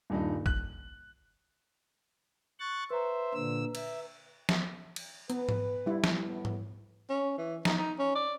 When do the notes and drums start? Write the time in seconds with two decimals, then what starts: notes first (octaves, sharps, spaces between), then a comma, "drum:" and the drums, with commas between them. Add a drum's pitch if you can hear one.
0.10 D#1 G2 D#4
0.46 F#6, drum: kick
2.60 C#6 F#6 A6
2.90 B4 C5 E5 A#5
3.34 A#2 D3 E6
3.75 E5, drum: cymbal
4.49 drum: snare
4.96 drum: cymbal
5.30 B3 B4, drum: hi-hat
5.49 drum: tom G#2
5.86 G3 E4
6.04 drum: snare
6.24 A2 B3
6.45 drum: tom G#2
7.10 C#4
7.38 E3
7.65 D#4, drum: snare
7.78 D#4
7.99 C#4
8.15 D5